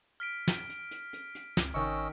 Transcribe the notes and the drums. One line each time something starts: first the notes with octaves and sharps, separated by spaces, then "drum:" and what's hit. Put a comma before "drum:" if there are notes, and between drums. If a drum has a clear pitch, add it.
F6 B6 D7
drum: snare
drum: hi-hat
drum: hi-hat
drum: hi-hat
drum: hi-hat
C#2, drum: snare
G#1 D#3 C#4 D#5 C#6 E6